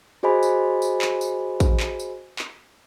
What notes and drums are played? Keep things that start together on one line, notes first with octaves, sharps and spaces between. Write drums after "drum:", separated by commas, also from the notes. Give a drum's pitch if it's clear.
F#4 G#4 C5 D#5 G#5 B5
drum: tambourine
drum: tambourine
drum: clap
drum: tambourine
drum: kick, tambourine
drum: clap
drum: tambourine
drum: clap